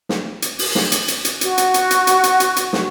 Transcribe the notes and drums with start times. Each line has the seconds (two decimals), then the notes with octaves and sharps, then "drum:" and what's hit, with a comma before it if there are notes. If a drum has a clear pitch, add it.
0.09 drum: snare
0.42 drum: hi-hat
0.59 drum: open hi-hat
0.75 drum: snare
0.92 drum: hi-hat
1.08 drum: hi-hat
1.25 drum: hi-hat
1.41 F#4, drum: hi-hat
1.58 drum: hi-hat
1.74 drum: hi-hat
1.91 drum: hi-hat
2.07 drum: hi-hat
2.23 drum: hi-hat
2.40 drum: hi-hat
2.56 drum: hi-hat
2.73 drum: snare